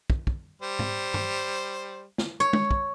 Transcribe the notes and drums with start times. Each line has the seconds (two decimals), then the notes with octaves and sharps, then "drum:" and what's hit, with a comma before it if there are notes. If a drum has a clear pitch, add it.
0.10 drum: kick
0.27 drum: kick
0.62 G3 C5
0.79 drum: tom G#2
1.14 drum: tom
2.18 drum: snare
2.40 C#5
2.53 drum: tom
2.71 drum: kick